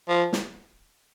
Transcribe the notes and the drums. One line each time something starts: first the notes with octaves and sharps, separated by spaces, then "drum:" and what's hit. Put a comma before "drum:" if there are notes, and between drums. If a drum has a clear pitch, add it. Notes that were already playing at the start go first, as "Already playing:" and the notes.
F3
drum: snare